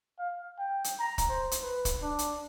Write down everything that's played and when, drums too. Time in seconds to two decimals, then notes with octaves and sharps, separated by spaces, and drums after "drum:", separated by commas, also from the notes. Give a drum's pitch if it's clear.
0.19 F5
0.58 G5
0.84 drum: hi-hat
0.99 A#5
1.18 drum: kick, hi-hat
1.29 C5
1.51 drum: hi-hat
1.63 B4
1.85 drum: kick, hi-hat
2.02 D4
2.19 drum: hi-hat